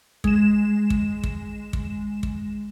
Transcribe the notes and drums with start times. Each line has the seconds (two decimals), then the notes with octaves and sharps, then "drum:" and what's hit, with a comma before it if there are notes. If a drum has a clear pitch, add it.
0.24 G#3 E7, drum: kick
0.90 drum: kick
1.23 drum: kick
1.73 drum: kick
2.23 drum: kick